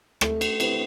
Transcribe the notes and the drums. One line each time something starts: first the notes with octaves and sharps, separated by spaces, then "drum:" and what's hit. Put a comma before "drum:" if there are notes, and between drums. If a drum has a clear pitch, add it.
A3, drum: rim click
drum: cymbal
C4 E4 G4 B4, drum: cymbal